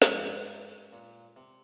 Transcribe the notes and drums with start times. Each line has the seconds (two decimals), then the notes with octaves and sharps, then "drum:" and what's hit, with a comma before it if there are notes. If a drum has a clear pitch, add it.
0.02 G2 G#3 C#4 F4, drum: snare
0.11 F2
0.19 G2
0.93 A#2
1.36 C3